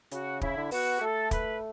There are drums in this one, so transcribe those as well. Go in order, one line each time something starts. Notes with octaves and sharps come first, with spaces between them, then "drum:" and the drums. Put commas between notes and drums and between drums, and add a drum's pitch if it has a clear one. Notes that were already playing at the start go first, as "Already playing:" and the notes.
C#3 F#4, drum: hi-hat
C#3 E4, drum: kick
D3
B3 F#4, drum: open hi-hat
G4
A3 A4
B4, drum: kick, hi-hat